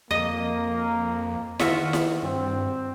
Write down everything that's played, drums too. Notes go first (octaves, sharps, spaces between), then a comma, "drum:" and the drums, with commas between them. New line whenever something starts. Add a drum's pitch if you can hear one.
F2 A#3 D#5
D#3 F4 F#4 E5, drum: snare E4
drum: snare E4
G2 C4